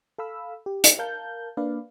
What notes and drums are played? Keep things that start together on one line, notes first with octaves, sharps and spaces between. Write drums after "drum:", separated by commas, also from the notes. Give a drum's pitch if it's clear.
A4 F5 B5 E6
G4
drum: hi-hat
A#4 F5 A5 G6
A#3 D4 B4 D5 F5